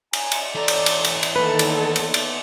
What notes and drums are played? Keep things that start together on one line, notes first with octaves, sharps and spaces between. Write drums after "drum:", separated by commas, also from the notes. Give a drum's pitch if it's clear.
G#5 A#5, drum: cymbal
drum: cymbal
E3 A4 D5 A#5
drum: cymbal
drum: cymbal
drum: cymbal
drum: cymbal
D#3 A#3 B3 A4 B4
drum: cymbal
drum: cymbal
drum: cymbal